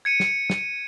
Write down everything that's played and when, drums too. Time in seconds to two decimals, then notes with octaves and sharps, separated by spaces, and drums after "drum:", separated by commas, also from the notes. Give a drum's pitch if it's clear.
0.05 G#6 C#7 D#7
0.20 drum: snare
0.50 drum: snare